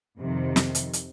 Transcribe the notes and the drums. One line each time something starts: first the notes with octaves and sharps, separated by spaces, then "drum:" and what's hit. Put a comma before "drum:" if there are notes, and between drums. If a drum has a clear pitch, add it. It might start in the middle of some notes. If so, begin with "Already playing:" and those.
F2 C3 D#3
drum: snare
drum: hi-hat
drum: hi-hat